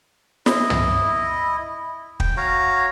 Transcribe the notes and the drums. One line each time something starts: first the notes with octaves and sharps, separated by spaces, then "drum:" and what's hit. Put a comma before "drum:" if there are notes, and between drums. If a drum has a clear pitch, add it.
E4 D#5, drum: snare
drum: tom
G5, drum: kick
F#4 C#5 F5 A#5